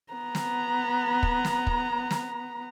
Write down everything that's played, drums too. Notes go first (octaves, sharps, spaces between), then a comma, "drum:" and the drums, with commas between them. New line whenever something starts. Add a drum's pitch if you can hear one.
B3 A#5
drum: snare
drum: kick
drum: snare
drum: kick
drum: snare